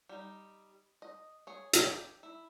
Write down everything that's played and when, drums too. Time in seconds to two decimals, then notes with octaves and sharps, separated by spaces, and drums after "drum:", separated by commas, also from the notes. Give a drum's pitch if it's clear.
0.09 G3 D#4
1.02 D#5
1.47 G#4 C#5
1.73 drum: hi-hat
1.83 G4
2.23 E4